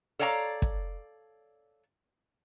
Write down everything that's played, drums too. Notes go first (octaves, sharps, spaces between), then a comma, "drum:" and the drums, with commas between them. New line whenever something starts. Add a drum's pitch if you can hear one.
A4 C#5 D5 F5 G#5 A#5
drum: kick